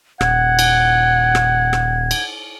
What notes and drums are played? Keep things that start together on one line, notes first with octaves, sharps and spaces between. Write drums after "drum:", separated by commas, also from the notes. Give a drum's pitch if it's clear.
D#1 F#5 G#6, drum: rim click
drum: cymbal
drum: rim click
drum: rim click
drum: cymbal